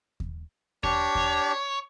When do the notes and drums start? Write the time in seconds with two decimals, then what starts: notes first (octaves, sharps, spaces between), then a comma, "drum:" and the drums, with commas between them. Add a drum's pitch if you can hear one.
0.20 drum: kick D#2
0.84 D4 G4 C#5, drum: kick D#2
1.15 drum: kick D#2